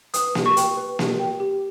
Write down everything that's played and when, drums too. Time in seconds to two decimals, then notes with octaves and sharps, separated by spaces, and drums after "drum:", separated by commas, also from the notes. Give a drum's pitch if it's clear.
0.14 B4 D#6, drum: hi-hat
0.35 G4, drum: snare A#3
0.46 C#6
0.57 G5, drum: hi-hat
0.77 B4
0.99 G4, drum: snare A#3
1.19 G5
1.40 G4